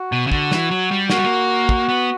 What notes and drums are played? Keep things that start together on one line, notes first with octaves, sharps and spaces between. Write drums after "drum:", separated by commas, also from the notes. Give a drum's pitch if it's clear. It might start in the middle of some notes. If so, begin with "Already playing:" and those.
Already playing: F#4
B2
C#3
D3 F#4, drum: kick
E3, drum: snare
F#3
G3
A#3 F#4, drum: snare
G3
A#3
drum: kick
B3